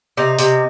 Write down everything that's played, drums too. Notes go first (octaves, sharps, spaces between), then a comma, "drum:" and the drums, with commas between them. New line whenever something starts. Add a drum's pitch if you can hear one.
C3 D#4
C3, drum: open hi-hat